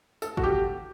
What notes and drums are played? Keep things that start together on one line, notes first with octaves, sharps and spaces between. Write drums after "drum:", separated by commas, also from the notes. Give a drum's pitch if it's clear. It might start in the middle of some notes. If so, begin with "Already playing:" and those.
A4, drum: tambourine
F#4, drum: kick G#1
G4